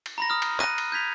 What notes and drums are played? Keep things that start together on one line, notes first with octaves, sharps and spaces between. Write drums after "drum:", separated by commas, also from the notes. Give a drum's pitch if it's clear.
drum: cymbal
A#5 B5 A#6
D#6 F6
drum: cymbal
F#6 A#6 D#7, drum: clap
drum: cymbal
G6 G#6 B6 F7